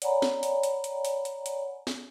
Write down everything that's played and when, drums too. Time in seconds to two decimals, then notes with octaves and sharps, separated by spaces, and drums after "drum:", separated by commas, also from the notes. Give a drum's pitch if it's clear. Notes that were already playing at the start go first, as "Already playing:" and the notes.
0.02 C#5 D5 F#5 G#5 A#5 B5, drum: hi-hat
0.22 drum: snare
0.43 drum: hi-hat
0.63 drum: hi-hat
0.84 drum: hi-hat
1.05 drum: hi-hat
1.25 drum: hi-hat
1.46 drum: hi-hat
1.87 drum: snare